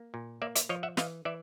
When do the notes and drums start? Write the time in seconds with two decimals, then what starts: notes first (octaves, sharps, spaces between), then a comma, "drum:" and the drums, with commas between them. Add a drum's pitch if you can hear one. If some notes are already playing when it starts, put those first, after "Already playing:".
Already playing: A#3
0.14 A#2
0.42 A#3 D5 E5
0.55 D5 E5, drum: hi-hat
0.69 F3 C#5 D#5
0.83 E5 F#5
0.97 E3 D#5 F5, drum: snare
1.25 E3 D5 E5